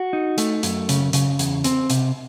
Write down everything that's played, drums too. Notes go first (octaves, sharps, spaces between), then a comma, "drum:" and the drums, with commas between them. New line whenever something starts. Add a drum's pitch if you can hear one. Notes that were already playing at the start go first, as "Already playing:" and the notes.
Already playing: F#4
D#4
A3, drum: hi-hat
F#2, drum: hi-hat
C#3, drum: hi-hat
C#3, drum: hi-hat
E2, drum: hi-hat
C4, drum: hi-hat
C3, drum: hi-hat